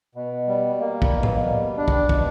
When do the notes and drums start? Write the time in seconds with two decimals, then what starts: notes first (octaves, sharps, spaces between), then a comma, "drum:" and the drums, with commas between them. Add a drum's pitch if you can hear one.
0.15 B2
0.48 G3
0.81 A#3
1.02 drum: kick
1.13 B2
1.23 drum: tom A2
1.45 G3
1.78 D4
1.88 drum: kick
2.09 B2, drum: kick